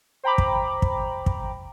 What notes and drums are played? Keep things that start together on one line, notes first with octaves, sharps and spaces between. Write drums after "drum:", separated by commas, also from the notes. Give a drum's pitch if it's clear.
C5 G5 A#5 B5 D6
drum: kick
drum: kick
drum: kick